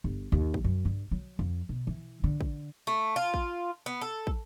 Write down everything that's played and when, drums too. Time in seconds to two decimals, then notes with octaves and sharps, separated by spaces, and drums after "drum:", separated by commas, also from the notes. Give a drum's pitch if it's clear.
0.04 G1
0.32 D#2
0.54 drum: kick
0.64 F#2
0.85 G2
1.11 F#3
1.39 F2
1.69 B2
1.87 E3
2.24 D3
2.41 drum: kick
2.87 A3
3.16 F4
3.34 drum: kick
3.86 B3
4.01 A4
4.27 drum: kick